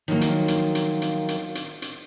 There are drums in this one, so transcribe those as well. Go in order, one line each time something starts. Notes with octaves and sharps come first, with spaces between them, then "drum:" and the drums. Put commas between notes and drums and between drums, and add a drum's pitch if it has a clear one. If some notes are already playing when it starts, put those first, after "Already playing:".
D#3 F3 F#3 A#3
drum: hi-hat
drum: hi-hat
drum: hi-hat
drum: hi-hat
drum: hi-hat
drum: hi-hat
drum: hi-hat